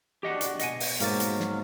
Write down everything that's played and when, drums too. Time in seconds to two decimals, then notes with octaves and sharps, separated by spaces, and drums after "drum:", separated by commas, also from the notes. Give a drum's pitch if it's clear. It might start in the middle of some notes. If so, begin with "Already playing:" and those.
0.23 D4 F#4 G4 D#5 F#5
0.41 drum: hi-hat
0.59 B2 D#5 F#5 G#5, drum: hi-hat
0.80 drum: open hi-hat
1.00 G#2 F#3 A#3 F5 A6, drum: hi-hat
1.20 drum: hi-hat
1.40 drum: snare